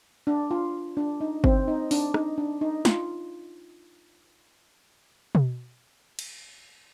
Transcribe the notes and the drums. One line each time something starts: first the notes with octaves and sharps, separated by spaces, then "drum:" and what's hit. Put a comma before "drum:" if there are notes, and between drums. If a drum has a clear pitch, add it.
D4
F4
D4
D#4
C4, drum: kick G1
D#4
D4, drum: open hi-hat
D#4, drum: rim click
D4
D#4
F4, drum: snare
drum: tom B2
drum: cymbal